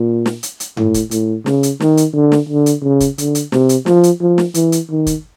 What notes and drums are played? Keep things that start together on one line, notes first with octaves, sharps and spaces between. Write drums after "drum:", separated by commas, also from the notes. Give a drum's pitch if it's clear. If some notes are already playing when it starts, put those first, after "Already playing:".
Already playing: A#2
drum: snare
drum: hi-hat
drum: hi-hat
A2, drum: tom G2
drum: kick, hi-hat
A2, drum: hi-hat
C#3, drum: snare
drum: hi-hat
D#3, drum: snare
drum: hi-hat
D3
drum: snare
D3
drum: hi-hat
C#3
drum: kick, hi-hat
D3, drum: hi-hat
drum: hi-hat
C3, drum: snare
drum: hi-hat
F3, drum: snare
drum: hi-hat
F3
drum: snare
E3, drum: hi-hat
drum: hi-hat
D#3
drum: kick, hi-hat